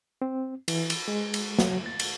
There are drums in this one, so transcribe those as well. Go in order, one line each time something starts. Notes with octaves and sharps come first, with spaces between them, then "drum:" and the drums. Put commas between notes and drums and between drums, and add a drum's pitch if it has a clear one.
C4
E3, drum: cymbal
drum: cymbal
G#3
drum: cymbal
F#3, drum: snare
A6
drum: cymbal